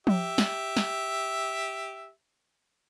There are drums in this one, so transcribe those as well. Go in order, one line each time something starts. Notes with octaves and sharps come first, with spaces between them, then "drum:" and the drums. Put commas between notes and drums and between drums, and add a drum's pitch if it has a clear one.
G4 E5, drum: tom F3
drum: snare
drum: snare